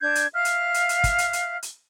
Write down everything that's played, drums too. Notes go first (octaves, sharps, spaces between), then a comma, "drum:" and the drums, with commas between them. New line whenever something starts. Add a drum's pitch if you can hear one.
D4 G6 G#6
drum: hi-hat
E5 F5 F6 F#6
drum: hi-hat
drum: hi-hat
drum: hi-hat
drum: kick, hi-hat
drum: hi-hat
drum: hi-hat
drum: hi-hat